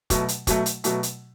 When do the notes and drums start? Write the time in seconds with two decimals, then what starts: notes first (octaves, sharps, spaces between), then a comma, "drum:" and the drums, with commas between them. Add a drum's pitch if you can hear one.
0.10 B2 F#3 A3, drum: kick, hi-hat
0.28 drum: hi-hat
0.47 B2 F#3 A3, drum: kick, hi-hat
0.66 drum: hi-hat
0.84 B2 F#3 A3, drum: hi-hat
1.03 drum: hi-hat